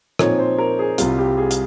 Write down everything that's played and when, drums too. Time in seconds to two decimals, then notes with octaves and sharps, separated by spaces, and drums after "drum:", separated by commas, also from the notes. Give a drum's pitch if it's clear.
0.19 A#2 F3 C4 D#4 C#5, drum: rim click
0.39 C5
0.58 A#4
0.79 G#4
0.98 C2 C3 G3 F4, drum: hi-hat
1.18 G4
1.37 G#4
1.51 drum: hi-hat